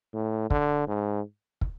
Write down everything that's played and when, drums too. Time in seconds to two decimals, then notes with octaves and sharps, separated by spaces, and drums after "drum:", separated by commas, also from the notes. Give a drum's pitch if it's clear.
0.14 A2
0.50 D3, drum: kick
0.87 G#2
1.61 drum: kick